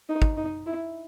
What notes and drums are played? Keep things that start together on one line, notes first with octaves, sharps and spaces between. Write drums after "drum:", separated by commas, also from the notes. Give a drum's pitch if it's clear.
D#4
drum: kick
D#4
E4